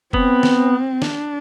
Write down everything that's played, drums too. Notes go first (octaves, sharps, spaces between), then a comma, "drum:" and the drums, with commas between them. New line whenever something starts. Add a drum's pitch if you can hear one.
B3 C4, drum: kick F1
drum: snare
D4, drum: snare